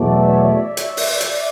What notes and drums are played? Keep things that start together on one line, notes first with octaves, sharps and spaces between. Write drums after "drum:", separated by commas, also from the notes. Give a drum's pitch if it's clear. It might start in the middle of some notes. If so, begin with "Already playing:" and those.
Already playing: E2 B2 F#3 A3 D5
E5
C#5
D5
E5
E5, drum: hi-hat
D5
C#5, drum: open hi-hat
D5
D5, drum: hi-hat